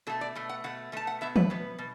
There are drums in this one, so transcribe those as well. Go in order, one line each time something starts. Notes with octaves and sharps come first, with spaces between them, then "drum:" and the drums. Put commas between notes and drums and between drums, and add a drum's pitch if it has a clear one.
B2 A3 A4
D5
B2 A3
F#5
B2 A3 F#5
B2 A3 A5
F#5
B2 B3 E5
B4, drum: tom
B2 B3
B2